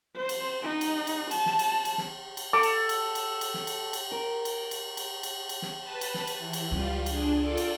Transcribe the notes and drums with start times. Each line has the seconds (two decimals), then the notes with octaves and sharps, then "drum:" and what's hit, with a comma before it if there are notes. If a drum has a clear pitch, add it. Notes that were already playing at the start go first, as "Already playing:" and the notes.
0.16 C5
0.29 drum: cymbal
0.62 D#4
0.81 drum: cymbal
1.07 drum: cymbal
1.31 A5, drum: cymbal
1.46 drum: snare
1.59 drum: cymbal
1.85 drum: cymbal
1.98 drum: snare
2.37 drum: cymbal
2.53 A4 D6
2.63 drum: cymbal
2.89 drum: cymbal
3.15 drum: cymbal
3.41 drum: cymbal
3.54 drum: snare
3.67 drum: cymbal
3.93 drum: cymbal
4.11 A#4
4.45 drum: cymbal
4.71 drum: cymbal
4.97 drum: cymbal
5.23 drum: cymbal
5.49 drum: cymbal
5.62 drum: snare
5.80 B4 A5
6.01 drum: cymbal
6.14 drum: snare
6.27 drum: cymbal
6.38 E3
6.53 drum: cymbal
6.71 C#2 C#3 G3 F4
7.06 D4 G#4, drum: cymbal
7.38 F4 A4 D5
7.57 drum: cymbal